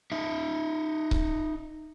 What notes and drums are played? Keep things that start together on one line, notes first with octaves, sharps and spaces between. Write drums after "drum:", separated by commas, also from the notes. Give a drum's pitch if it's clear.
D#4 E5
drum: kick C#1